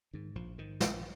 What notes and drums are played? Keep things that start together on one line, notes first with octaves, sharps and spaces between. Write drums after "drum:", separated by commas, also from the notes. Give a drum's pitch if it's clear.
G#2 D#3
A#1 F3
G#2 D#3
A#1, drum: snare